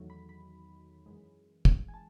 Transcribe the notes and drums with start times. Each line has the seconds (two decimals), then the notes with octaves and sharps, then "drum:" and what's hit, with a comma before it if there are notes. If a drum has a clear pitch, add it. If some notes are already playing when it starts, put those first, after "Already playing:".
Already playing: E2 D#3 F#3 A3 D#4
0.10 B5
0.29 B5
1.06 F#2 E3 G#3
1.65 drum: kick
1.88 G#5
1.94 A5